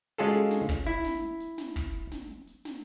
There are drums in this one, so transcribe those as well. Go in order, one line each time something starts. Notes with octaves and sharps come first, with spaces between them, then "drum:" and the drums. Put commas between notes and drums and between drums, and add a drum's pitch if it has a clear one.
G#3 C#4 F4 F#4 G#4 A4
drum: hi-hat
drum: snare
drum: kick, hi-hat
E4
drum: snare
drum: hi-hat
drum: snare
drum: kick, hi-hat
drum: snare
drum: hi-hat
drum: snare